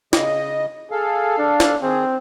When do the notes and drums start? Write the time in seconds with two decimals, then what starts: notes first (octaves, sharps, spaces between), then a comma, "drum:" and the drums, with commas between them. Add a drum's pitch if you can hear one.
0.13 C#3 D#5, drum: snare
0.91 G#4 A4 F5
1.38 D4
1.60 drum: snare
1.82 D#3 C4 G#4